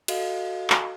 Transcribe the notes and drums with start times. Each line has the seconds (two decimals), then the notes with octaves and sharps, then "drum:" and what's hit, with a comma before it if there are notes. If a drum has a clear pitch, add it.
0.08 F#4 A4 D#5 F5, drum: cymbal
0.70 drum: clap